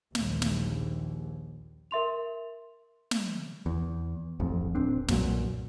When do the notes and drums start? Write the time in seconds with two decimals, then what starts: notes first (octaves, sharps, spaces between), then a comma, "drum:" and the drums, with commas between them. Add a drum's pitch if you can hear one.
0.15 A#1 D#2, drum: snare
0.42 drum: snare
1.91 A#4 E5 C6 F7
3.11 drum: snare
3.66 E2
4.40 D1 A1 F2
4.75 D1 C4 D4
5.08 B1 F#2 A#2 F#3, drum: snare